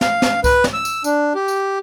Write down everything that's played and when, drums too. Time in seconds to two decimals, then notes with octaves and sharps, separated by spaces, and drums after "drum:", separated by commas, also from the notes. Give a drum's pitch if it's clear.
0.01 F5, drum: snare
0.22 drum: snare
0.44 B4, drum: kick C2, tambourine
0.64 drum: snare
0.73 E6
0.85 drum: tambourine
1.04 D4, drum: tambourine
1.35 G4
1.48 drum: tambourine